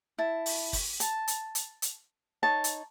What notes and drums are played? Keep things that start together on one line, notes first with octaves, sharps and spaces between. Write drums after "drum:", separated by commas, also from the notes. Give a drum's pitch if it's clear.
E4 A5
drum: open hi-hat
drum: kick, open hi-hat
A5, drum: hi-hat
drum: hi-hat
drum: hi-hat
drum: hi-hat
D#4 C#5 A5
drum: hi-hat